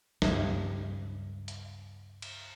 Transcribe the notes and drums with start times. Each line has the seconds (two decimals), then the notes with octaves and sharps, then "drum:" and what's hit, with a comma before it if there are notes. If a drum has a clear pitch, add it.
0.22 C#2 G2, drum: snare
1.48 drum: hi-hat
2.22 drum: cymbal